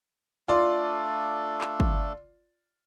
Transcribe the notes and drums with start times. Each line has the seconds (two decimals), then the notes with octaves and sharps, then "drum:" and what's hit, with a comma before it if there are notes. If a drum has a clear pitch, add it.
0.48 A3 D4 F4 A4 D5 C6
1.61 drum: clap
1.80 drum: kick G1